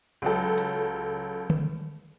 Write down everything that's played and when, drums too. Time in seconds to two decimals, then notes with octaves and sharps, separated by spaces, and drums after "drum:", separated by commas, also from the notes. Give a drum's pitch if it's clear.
0.22 C#2 F#3 A4
0.58 drum: hi-hat
1.50 drum: tom D3